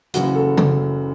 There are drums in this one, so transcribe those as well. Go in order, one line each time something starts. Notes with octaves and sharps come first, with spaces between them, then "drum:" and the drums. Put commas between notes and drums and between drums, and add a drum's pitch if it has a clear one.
F#1 F#2 C#3 E3 F#4, drum: hi-hat
A4
drum: tom C#3